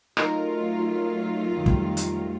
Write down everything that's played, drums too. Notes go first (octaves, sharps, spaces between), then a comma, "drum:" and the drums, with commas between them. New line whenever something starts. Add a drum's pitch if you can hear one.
F#3 A3 D#4 F4 A#4, drum: rim click
F2 D#3 G3
drum: kick
drum: hi-hat